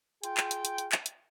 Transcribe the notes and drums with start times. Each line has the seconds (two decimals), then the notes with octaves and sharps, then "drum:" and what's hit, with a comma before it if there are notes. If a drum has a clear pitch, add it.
0.24 F4 G#4 G5, drum: hi-hat
0.37 drum: clap
0.51 drum: hi-hat
0.65 drum: hi-hat
0.78 drum: hi-hat
0.92 drum: clap
1.06 drum: hi-hat